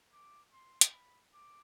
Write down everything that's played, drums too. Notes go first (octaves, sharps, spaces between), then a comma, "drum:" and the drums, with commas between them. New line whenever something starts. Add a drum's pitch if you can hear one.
D6
C6
drum: hi-hat
B5
D6